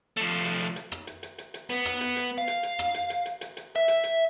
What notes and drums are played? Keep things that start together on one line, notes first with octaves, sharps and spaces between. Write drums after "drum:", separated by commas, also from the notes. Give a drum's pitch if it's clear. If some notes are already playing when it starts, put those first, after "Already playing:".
F3 A3
drum: hi-hat
drum: hi-hat
drum: hi-hat
drum: rim click
drum: hi-hat
drum: hi-hat
drum: hi-hat
drum: hi-hat
B3, drum: hi-hat
drum: rim click
drum: hi-hat
drum: hi-hat
F5
drum: hi-hat
drum: hi-hat
drum: rim click
drum: hi-hat
drum: hi-hat
drum: hi-hat
drum: hi-hat
drum: hi-hat
E5
drum: hi-hat
drum: hi-hat